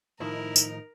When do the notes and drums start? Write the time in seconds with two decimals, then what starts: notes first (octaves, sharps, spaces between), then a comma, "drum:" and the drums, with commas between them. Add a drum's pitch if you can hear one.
0.20 A2 D#3 F3 D#4 E4 A#4
0.56 drum: tambourine